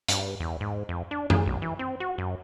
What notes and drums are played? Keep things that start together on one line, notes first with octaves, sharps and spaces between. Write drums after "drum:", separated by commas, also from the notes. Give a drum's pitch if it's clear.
G2, drum: hi-hat
E2
G#2
F2
D4
G#4, drum: tom F#2
B1
E3
C4
F#4
F#2